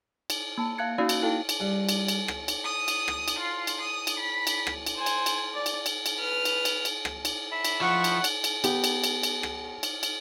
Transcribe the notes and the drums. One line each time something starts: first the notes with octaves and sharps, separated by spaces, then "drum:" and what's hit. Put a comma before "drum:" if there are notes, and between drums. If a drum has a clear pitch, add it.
drum: cymbal
A#3 A5
E5 F5 A5 F#6 G#6 C#7
A#3 C#4 D#4 F#4 D5 F5
drum: cymbal
E4 A4 F5 G5 A5
drum: cymbal
G2
drum: cymbal
drum: cymbal
drum: rim click
drum: cymbal
D#6
drum: cymbal
drum: rim click
drum: cymbal
F4
drum: cymbal
D#6
drum: cymbal
B5
drum: cymbal
drum: rim click
drum: cymbal
C5 G#5
drum: cymbal
drum: cymbal
D5
drum: cymbal
drum: cymbal
drum: cymbal
B4 F6
drum: cymbal
drum: cymbal
drum: cymbal
drum: rim click
drum: cymbal
E5 B5
drum: cymbal
F3 F#5 C#6
drum: cymbal
drum: cymbal
drum: cymbal
B3 G4, drum: cymbal
drum: cymbal
drum: cymbal
drum: cymbal
drum: rim click
drum: cymbal
drum: cymbal